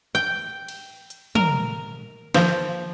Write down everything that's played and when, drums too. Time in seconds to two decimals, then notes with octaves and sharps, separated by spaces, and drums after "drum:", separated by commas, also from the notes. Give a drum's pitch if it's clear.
0.15 G5
0.68 drum: cymbal
1.10 drum: hi-hat
1.35 A#4, drum: tom
2.34 F3, drum: snare